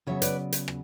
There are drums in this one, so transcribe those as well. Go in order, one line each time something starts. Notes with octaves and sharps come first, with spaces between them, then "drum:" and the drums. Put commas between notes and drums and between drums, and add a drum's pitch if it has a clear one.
C#3 F#3 B3 C#5 E5
B4 D5, drum: hi-hat
drum: hi-hat
drum: rim click